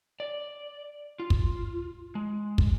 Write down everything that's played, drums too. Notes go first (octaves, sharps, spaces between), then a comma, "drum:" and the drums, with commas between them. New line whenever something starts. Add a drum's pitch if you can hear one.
D5
F4
drum: kick
G#3
drum: kick